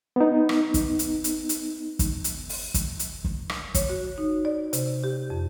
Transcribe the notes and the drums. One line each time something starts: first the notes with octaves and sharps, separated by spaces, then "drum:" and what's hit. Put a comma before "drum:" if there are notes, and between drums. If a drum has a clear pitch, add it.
B3 D#4
drum: rim click
drum: kick, hi-hat
drum: hi-hat
drum: hi-hat
drum: hi-hat
drum: kick, hi-hat
drum: hi-hat
drum: open hi-hat
drum: kick, hi-hat
drum: hi-hat
drum: kick
drum: rim click
C#5, drum: kick, hi-hat
F#4
D#4
D5
C3, drum: hi-hat
G4
F2